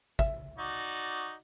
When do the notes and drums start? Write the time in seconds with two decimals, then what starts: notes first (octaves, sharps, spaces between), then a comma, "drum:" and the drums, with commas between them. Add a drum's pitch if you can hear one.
0.19 E5, drum: kick
0.58 D#4 F#4 D5